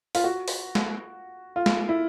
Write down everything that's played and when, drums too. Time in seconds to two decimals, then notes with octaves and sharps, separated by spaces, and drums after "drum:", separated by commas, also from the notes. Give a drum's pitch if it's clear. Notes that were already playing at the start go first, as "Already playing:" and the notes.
0.15 F4, drum: open hi-hat
0.24 F#4
0.48 drum: open hi-hat
0.75 drum: snare
1.56 F4
1.66 drum: snare
1.89 E4